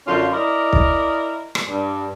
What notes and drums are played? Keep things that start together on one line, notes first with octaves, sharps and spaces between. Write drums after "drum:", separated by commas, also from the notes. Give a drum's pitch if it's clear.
F#2 D3 C#4 F4
E4 A#4 D5 D#5
drum: kick B1
drum: rim click
G2